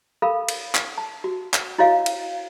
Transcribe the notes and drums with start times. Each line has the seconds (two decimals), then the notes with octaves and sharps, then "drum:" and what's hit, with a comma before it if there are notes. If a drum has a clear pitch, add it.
0.22 A4 A#4 F5 B5
0.49 drum: cymbal
0.75 drum: clap
0.98 A5
1.24 F#4
1.54 drum: clap
1.78 E4 F#4 C#5 D#5 F5
2.06 drum: cymbal